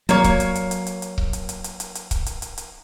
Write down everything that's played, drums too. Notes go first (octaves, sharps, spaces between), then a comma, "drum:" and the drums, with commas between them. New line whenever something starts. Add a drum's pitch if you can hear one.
F#3 A#3 C#5, drum: hi-hat
drum: kick C#1, hi-hat
drum: hi-hat
drum: hi-hat
drum: hi-hat
drum: hi-hat
drum: hi-hat
drum: kick C#1
drum: hi-hat
drum: hi-hat
drum: hi-hat
drum: hi-hat
drum: hi-hat
drum: kick C#1, hi-hat
drum: hi-hat
drum: hi-hat
drum: hi-hat